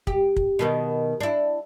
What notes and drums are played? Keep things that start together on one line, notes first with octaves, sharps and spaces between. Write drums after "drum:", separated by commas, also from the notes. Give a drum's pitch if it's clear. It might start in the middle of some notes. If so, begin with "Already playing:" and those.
G4, drum: kick
drum: kick
B2 D#3 B3
D4 E4